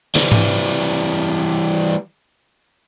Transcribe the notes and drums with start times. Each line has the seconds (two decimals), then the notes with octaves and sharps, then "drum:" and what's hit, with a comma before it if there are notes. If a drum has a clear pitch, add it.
0.15 E3 G3, drum: snare
0.32 drum: tom G#2